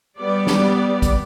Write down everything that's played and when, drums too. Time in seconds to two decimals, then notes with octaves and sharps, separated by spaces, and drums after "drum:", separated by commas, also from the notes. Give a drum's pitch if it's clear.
0.19 G3 B3 D5
0.47 drum: snare
1.02 drum: kick, hi-hat